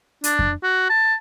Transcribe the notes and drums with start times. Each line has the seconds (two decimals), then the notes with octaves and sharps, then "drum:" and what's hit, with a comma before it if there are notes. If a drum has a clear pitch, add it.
0.24 D4, drum: hi-hat
0.39 drum: kick F2
0.63 F#4
0.89 A5